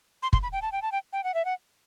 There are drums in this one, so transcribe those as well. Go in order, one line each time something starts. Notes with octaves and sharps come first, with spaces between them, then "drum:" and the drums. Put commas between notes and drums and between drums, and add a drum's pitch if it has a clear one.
C6
C6, drum: kick
B5
G5
A5
G5
A5
G5
G5
F#5
E5
F#5